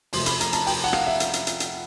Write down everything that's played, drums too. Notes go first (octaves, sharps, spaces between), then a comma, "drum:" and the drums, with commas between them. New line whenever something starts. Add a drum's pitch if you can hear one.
F2 C3 F3 A3 C6, drum: open hi-hat
B5, drum: hi-hat
A#5, drum: hi-hat
A5, drum: hi-hat
G5, drum: open hi-hat
F#5
F5, drum: rim click
E5
drum: hi-hat
drum: hi-hat
drum: hi-hat
drum: hi-hat